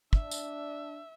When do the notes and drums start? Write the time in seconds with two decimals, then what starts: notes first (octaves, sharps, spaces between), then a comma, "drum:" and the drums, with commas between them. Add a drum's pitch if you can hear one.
0.13 D4 E5, drum: kick
0.31 drum: tambourine